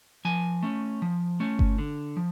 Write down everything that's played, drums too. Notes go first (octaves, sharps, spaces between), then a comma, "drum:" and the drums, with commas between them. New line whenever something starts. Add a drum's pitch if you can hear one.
F3 G#5
A3 C#4
F3
A3 C#4
drum: kick G1
D3
F3